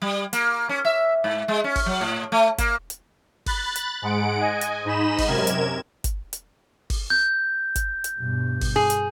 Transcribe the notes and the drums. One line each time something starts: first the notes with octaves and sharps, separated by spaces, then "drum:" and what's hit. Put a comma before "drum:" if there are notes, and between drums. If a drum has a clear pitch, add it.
G3
A#3, drum: hi-hat
C#4
E5
G#2
G#3
C#4
drum: kick G1, open hi-hat
F#3
A2
A3
A#3, drum: kick G1, hi-hat
drum: hi-hat
B5 F#6 A6, drum: kick G1, open hi-hat
drum: hi-hat
G#2 G#3 F#5 D7
D#5 G#5
drum: hi-hat
G#2 D#4 D#5 B5 E7
drum: kick G1, open hi-hat
F#2 C3 A#4 G#6 E7
drum: hi-hat
drum: kick G1, hi-hat
drum: hi-hat
drum: kick G1, open hi-hat
G6
drum: kick G1, hi-hat
drum: hi-hat
G2 B2
drum: kick G1, open hi-hat
G#4
drum: hi-hat